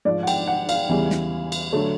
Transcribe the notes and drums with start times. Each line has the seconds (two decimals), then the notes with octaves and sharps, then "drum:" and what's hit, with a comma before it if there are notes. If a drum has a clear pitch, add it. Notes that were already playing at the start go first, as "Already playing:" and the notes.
0.05 G#2 F3 G#3 D5
0.23 F#5
0.27 G5, drum: cymbal
0.47 F#5
0.69 F5, drum: cymbal
0.89 E2 C#3 E3 G3
1.10 drum: snare
1.52 drum: cymbal
1.73 D3 F#3 A3